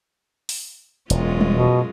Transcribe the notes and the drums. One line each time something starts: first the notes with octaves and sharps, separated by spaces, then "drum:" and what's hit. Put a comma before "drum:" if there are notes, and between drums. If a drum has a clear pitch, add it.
drum: open hi-hat
E1 F#2 G#3 F4, drum: hi-hat
drum: tom G3
B2